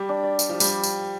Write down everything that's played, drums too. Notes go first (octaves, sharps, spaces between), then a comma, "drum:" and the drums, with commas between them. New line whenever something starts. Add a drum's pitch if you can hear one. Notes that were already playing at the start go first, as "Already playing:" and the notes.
Already playing: G3 G4
D4
D5
F5, drum: tambourine
F3 G4
G3, drum: tambourine
drum: tambourine